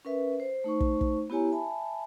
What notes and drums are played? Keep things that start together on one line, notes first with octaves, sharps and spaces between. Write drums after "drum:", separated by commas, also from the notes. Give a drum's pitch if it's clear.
C#4 A#4 B4 E5
C5
A3 D#4 C5 C#6
drum: kick
drum: kick
B3 E4 G4 C#5 G#5 A#5
E5 G#5 A5 B5